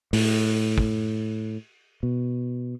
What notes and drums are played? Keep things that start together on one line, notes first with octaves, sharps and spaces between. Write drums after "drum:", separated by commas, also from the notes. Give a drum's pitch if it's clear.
A2, drum: open hi-hat
drum: kick
B2